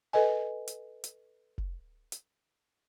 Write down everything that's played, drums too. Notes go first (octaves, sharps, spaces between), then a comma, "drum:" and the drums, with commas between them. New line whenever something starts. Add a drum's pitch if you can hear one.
A4 B4 D#5 G#5
drum: hi-hat
drum: hi-hat
drum: kick F1
drum: hi-hat